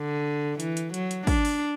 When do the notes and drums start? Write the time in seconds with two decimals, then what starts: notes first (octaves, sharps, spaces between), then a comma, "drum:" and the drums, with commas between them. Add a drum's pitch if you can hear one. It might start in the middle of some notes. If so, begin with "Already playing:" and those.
Already playing: D3
0.60 E3, drum: hi-hat
0.77 drum: hi-hat
0.94 F#3, drum: hi-hat
1.11 drum: hi-hat
1.27 D4, drum: kick, open hi-hat
1.45 drum: open hi-hat